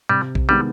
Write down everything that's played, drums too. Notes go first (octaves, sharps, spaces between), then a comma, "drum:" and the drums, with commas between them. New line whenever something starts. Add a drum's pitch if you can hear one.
C3 G3
drum: kick A#1
D#3 G3 G#3 B3